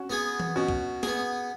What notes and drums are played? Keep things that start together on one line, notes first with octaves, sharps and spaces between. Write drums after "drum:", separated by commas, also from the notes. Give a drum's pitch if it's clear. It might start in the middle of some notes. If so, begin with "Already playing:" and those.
Already playing: C#4 F#4
B3 G#4
drum: tom E3
B2 C#4 F#4
drum: kick
B3 G#4, drum: snare